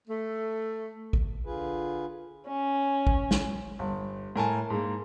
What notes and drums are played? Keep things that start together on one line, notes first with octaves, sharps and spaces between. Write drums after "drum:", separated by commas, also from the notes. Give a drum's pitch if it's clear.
A3
drum: kick A1
D3 F4 G#4 B4
C#4
drum: kick A1
drum: snare
G1
A2 A#4 G#5 A5
G#2 A#3